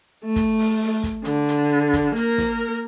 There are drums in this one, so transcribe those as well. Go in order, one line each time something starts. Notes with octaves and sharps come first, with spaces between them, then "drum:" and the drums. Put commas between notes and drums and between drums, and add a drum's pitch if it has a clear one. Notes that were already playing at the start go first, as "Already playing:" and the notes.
A3
drum: kick, hi-hat
drum: open hi-hat
drum: open hi-hat
drum: kick, hi-hat
D3, drum: hi-hat
drum: hi-hat
drum: kick, hi-hat
A#3 A#4, drum: hi-hat
drum: snare